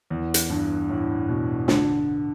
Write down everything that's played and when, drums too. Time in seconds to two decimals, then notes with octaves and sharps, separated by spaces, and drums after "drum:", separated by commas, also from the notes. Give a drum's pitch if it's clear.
0.10 E2
0.34 drum: hi-hat
0.50 G2
0.89 A2
1.29 B2
1.68 D3, drum: snare